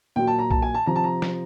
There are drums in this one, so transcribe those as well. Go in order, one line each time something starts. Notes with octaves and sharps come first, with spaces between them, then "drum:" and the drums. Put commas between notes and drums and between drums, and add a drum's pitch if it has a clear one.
A#2 F#3 G5
A5
A#5
A5, drum: kick
G#5
A5
C3 F3 A#5
A5
A#5
drum: snare